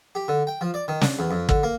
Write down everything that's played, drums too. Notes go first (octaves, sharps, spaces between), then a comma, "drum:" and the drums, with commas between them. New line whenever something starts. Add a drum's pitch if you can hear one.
G4
D3
G5
F3
D5
D#3
D4, drum: snare
E2
F2
D3, drum: kick
A#3